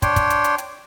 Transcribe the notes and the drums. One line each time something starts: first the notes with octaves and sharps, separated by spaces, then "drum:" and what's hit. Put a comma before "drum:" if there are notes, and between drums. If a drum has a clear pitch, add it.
D4 C#5 G5 C6, drum: kick, hi-hat
drum: kick, hi-hat
drum: hi-hat
drum: hi-hat
drum: hi-hat